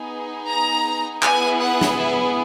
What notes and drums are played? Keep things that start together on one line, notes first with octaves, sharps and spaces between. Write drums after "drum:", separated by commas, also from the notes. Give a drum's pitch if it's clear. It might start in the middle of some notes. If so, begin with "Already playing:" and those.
Already playing: B3 D#4 G#4
A#5
B3 E4 G#4 G#5, drum: clap
F#5
drum: snare
E5